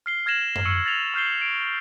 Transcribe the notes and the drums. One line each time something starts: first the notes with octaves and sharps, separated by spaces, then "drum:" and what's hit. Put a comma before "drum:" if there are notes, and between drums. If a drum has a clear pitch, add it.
F6 C7 G7
F6 G#6 A#6 E7 F#7
drum: tom F#2
C#6 E6 C#7
A6 A#6 C#7 F7 G7
C#6 F6 G6 C7 G7
D7